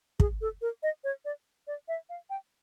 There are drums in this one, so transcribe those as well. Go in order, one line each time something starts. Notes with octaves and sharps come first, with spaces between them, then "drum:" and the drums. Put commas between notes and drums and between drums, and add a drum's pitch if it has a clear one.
G#4, drum: kick
A4
A#4
D#5
C#5
D5
D5
E5
F5
G5